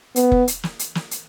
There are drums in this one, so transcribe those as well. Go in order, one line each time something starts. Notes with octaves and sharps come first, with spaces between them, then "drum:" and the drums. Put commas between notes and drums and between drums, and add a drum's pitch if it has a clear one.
B3, drum: hi-hat
drum: kick F#1
drum: hi-hat
drum: snare
drum: hi-hat
drum: snare
drum: hi-hat